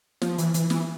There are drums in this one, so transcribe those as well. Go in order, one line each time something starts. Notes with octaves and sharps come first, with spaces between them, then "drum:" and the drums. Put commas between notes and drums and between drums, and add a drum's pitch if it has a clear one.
F3, drum: snare
E3, drum: hi-hat
E3, drum: hi-hat
E3, drum: snare